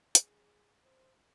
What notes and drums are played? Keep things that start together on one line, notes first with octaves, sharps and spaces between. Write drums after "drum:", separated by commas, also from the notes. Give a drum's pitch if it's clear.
G#4, drum: hi-hat
C5